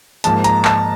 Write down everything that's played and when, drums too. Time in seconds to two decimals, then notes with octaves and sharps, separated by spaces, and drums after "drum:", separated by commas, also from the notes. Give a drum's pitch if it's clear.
0.24 G#2 F3 A#3 A5, drum: hi-hat
0.44 A#5, drum: hi-hat
0.65 A5, drum: clap